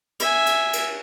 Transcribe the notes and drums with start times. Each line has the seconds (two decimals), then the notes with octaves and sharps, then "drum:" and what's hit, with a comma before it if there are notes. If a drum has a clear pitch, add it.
0.20 E5 G#5, drum: cymbal
0.46 drum: cymbal
0.73 drum: cymbal